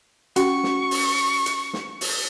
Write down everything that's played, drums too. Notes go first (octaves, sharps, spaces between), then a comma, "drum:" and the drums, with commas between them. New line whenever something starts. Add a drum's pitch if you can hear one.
C#4 F#4 F#5 C#6, drum: hi-hat
drum: snare
drum: open hi-hat
drum: hi-hat
drum: snare
drum: open hi-hat